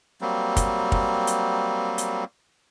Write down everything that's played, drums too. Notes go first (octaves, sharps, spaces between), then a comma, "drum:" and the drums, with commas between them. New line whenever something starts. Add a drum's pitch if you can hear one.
F#3 G3 A#3 C4
drum: kick, hi-hat
drum: kick
drum: hi-hat
drum: hi-hat